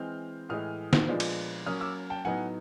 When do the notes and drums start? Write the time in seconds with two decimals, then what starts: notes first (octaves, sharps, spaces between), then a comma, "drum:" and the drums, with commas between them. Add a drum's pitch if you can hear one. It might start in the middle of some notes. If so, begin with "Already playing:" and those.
Already playing: E3 G#3 C4 F6 G6
0.49 A2 E3 G#3 D#6 F6
0.93 drum: snare
1.08 A#2 F3 G#3 B3 D4
1.20 drum: cymbal
1.66 F#3 A#3 C#4 D#6 F6
1.81 D6 E6
2.10 G5 A5
2.25 A2 F#3 B3 D#4 F#5 G#5